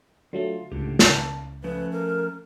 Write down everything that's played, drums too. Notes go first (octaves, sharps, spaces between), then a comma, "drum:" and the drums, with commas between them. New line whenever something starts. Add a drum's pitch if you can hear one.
D3 F#3 A3 F4
C#2 A2 D3 G4
A5, drum: snare
F3 A3 C#4 B4
A#4